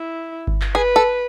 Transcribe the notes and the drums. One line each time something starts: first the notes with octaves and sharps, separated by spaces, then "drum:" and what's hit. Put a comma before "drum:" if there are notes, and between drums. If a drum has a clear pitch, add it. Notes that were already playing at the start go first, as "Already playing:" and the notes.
Already playing: E4
drum: kick G1
drum: clap
G#4 B4
A4